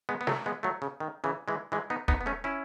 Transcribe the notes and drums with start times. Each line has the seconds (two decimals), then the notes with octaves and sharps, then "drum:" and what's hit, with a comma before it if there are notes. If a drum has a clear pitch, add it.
0.09 G#3 B3
0.21 B3
0.27 F#3 A3, drum: snare
0.46 G#3 B3
0.63 F#3 A3
0.82 C#3
1.00 D#3
1.24 C#3 E3
1.48 E3 G#3
1.72 E3 G#3
1.90 B3 D#4
2.08 B3 D#4, drum: kick
2.21 B3
2.26 A3 C#4
2.44 C#4 E4